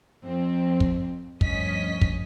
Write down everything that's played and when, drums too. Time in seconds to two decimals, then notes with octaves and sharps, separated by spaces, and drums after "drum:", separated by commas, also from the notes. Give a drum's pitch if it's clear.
0.23 F2 C4
0.80 drum: kick
1.41 D2 G2 F3 C#4 D#5 B6, drum: kick
2.01 drum: kick